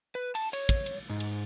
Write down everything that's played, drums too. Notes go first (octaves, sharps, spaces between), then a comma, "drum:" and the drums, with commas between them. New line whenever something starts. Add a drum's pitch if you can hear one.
B4
A5, drum: cymbal
C#5, drum: cymbal
drum: kick, cymbal
drum: cymbal
G#2
drum: cymbal